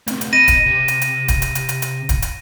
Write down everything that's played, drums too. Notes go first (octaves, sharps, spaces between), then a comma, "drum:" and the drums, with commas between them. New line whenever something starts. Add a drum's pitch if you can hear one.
A3 C4, drum: hi-hat
drum: hi-hat
D#5 B5 A#6 D#7
drum: kick D1, hi-hat
C3
drum: hi-hat
drum: hi-hat
drum: kick D1, hi-hat
drum: hi-hat
drum: hi-hat
drum: hi-hat
drum: hi-hat
drum: kick D1, hi-hat
drum: hi-hat